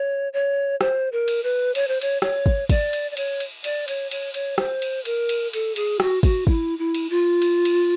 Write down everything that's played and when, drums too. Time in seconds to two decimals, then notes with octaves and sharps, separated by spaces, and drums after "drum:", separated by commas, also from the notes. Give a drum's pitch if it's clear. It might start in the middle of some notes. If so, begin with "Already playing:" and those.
Already playing: C#5
0.33 C#5
0.81 C5, drum: rim click
1.12 A#4
1.28 drum: cymbal
1.44 B4
1.75 C#5, drum: cymbal
1.88 C5
2.01 C#5, drum: cymbal
2.22 C#5, drum: rim click
2.46 drum: kick
2.69 D5, drum: kick, cymbal
2.93 drum: cymbal
3.11 D5
3.17 C#5, drum: cymbal
3.40 drum: cymbal
3.64 D5, drum: cymbal
3.88 C#5, drum: cymbal
4.11 C#5, drum: cymbal
4.34 C#5, drum: cymbal
4.58 C5, drum: rim click
4.82 drum: cymbal
5.05 A#4, drum: cymbal
5.29 drum: cymbal
5.53 A4, drum: cymbal
5.76 G#4, drum: cymbal
6.00 F#4, drum: rim click
6.23 F#4, drum: kick, cymbal
6.47 E4, drum: kick
6.79 E4
6.94 drum: cymbal
7.10 F4
7.42 drum: cymbal
7.65 drum: cymbal